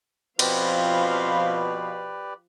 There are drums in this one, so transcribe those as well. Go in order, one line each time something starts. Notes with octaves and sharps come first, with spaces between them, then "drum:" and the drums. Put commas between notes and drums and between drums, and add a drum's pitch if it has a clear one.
B2 F3 C4 G4 B4 D5 F5 B5, drum: cymbal